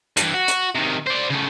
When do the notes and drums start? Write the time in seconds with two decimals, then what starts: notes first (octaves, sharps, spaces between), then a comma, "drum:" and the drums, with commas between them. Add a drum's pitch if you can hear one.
0.17 G2 E3, drum: hi-hat
0.34 F#4
0.48 drum: hi-hat
0.75 C3 D#3
1.07 C5 D5
1.30 C#3 A3